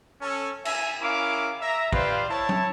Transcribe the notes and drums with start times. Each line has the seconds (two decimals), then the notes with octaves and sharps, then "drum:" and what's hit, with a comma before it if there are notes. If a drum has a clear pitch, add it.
0.21 C#4 A4
0.65 E5 G#5, drum: cymbal
1.01 C#4 E4 A#4 F5 D6
1.61 E5 A#5
1.93 F4 G4 B4 C5 D5 F5, drum: kick
2.30 E4 C#5 A5
2.49 drum: tom F#3